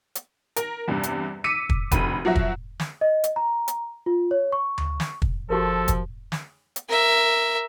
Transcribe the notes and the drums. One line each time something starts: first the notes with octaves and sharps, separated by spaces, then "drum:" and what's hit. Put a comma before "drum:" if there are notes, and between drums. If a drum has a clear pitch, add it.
drum: hi-hat
A#4, drum: hi-hat
E2 G2 C3
drum: hi-hat
D6 E6 B6 C#7 D#7
drum: kick
F1 D2 B5 D#7, drum: kick, hi-hat
F3 F#3 F#4 E5
drum: kick
drum: snare
D#5
drum: hi-hat
A#5
drum: hi-hat
F4
C#5
C#6
drum: tom D2
drum: snare
drum: kick
F#1 F3 F#4 G4 A4 A#4
drum: kick, hi-hat
drum: snare
drum: hi-hat
A#4 E5